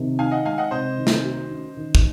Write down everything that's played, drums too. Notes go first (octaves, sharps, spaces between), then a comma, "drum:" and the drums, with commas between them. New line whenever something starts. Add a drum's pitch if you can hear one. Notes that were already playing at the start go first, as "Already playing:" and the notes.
Already playing: C3 D#3
D#4 F5 G#5
D#5 F#5
G#3 F5 G#5
D#5 F#5
C3 C5 D#5
D#3
drum: snare
F#4
C#4
D#3
drum: kick